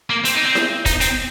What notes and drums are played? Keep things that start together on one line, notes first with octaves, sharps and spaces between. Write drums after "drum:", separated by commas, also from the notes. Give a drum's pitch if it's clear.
A#3
C4, drum: hi-hat
D#4
C4
drum: snare E4
D#4, drum: kick, hi-hat
C4, drum: hi-hat